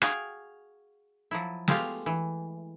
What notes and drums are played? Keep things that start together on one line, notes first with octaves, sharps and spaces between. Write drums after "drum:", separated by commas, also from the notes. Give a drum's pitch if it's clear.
F#4 G#4 F5 G5, drum: rim click
F3 F#3 E4
G#3 A3 F4 G4 F5, drum: snare
E3